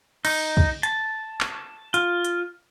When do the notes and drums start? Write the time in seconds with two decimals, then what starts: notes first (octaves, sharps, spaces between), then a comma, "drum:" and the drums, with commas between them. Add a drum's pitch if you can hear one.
0.25 D#4, drum: cymbal
0.57 drum: kick
0.83 A5, drum: hi-hat
1.41 drum: clap
1.94 F4, drum: hi-hat
2.25 drum: hi-hat